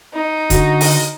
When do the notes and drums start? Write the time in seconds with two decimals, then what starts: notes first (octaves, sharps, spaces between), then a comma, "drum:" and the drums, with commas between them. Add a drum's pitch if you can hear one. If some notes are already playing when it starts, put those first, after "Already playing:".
0.14 D#4
0.50 D3 F#4, drum: kick D#1, hi-hat
0.81 drum: open hi-hat